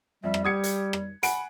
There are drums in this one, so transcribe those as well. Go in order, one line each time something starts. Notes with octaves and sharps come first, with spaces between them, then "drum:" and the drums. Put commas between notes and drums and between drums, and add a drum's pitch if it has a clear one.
F2 G3 E5
drum: rim click
G4 D#6 G#6 C#7
drum: hi-hat
drum: rim click
F#5 G#5 B5 D7, drum: hi-hat